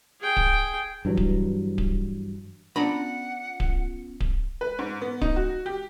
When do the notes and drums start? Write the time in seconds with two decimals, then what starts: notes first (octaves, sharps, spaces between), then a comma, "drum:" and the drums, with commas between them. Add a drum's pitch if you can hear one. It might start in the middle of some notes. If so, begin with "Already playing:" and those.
0.21 G#4 G5
0.37 drum: kick D1
1.05 G2 E3 F#3
1.17 drum: kick D1
1.78 drum: kick D1
2.76 B3 C#4 D4 F4 F#5 A#5 B5
3.60 drum: kick D1
4.20 drum: kick D1
4.61 B4
4.79 G#2
5.01 B3
5.21 D#4, drum: kick D1
5.36 F#4
5.66 G4